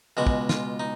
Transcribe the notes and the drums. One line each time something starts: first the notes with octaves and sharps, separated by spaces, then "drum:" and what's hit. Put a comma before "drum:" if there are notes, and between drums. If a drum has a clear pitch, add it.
C#2 B2 G#3 F#4
drum: kick
F4, drum: snare
D#4